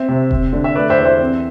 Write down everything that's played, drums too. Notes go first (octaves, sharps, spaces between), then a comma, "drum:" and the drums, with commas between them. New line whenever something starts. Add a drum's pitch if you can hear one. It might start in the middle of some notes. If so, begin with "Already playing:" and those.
Already playing: C4 C5 E5
C3
C4, drum: kick E1
D3
E5
A3 B4 D5
C5 E5
E2
C5 E5
C4